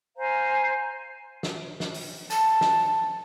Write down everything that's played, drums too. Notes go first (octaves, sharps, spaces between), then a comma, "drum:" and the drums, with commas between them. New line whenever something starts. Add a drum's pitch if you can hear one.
C5 F5 G#5 A#5
drum: snare
drum: snare
drum: open hi-hat
A5, drum: tambourine
drum: snare